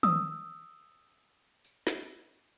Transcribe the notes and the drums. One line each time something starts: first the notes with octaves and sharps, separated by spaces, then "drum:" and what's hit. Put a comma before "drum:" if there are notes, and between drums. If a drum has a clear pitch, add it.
D#6 E6, drum: tom D#3
drum: tambourine
drum: snare